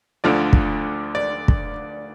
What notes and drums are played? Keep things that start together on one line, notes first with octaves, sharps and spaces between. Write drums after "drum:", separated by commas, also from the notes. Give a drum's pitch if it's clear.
D2 D3 F3 D5
drum: kick
D5
drum: kick